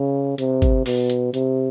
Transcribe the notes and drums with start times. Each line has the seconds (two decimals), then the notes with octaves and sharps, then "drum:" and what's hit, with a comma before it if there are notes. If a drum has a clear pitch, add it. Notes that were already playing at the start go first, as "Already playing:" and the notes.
Already playing: C#3
0.38 C3, drum: hi-hat
0.62 drum: kick, hi-hat
0.86 B2, drum: open hi-hat
1.10 drum: hi-hat
1.34 C3, drum: hi-hat